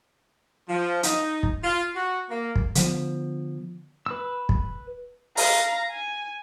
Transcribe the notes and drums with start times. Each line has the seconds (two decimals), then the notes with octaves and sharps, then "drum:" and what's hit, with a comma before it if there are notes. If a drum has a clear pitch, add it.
0.69 F3
1.03 D#4, drum: hi-hat
1.43 drum: kick
1.64 F4
1.96 F#4
2.30 A#3
2.56 drum: kick
2.75 D3 F3 B3, drum: hi-hat
4.06 B4 E6
4.49 drum: kick
5.37 F5 A#5, drum: open hi-hat
5.91 G#5